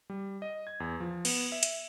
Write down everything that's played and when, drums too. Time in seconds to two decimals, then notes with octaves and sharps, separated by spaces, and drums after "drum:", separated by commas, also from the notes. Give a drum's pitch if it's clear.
0.10 G3
0.42 D#5
0.67 G#6
0.80 E2
1.00 F3
1.25 B3, drum: cymbal
1.52 E5
1.63 drum: hi-hat